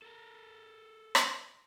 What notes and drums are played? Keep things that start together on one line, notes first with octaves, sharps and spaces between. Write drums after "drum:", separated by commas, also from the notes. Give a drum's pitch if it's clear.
A4 A#4
drum: rim click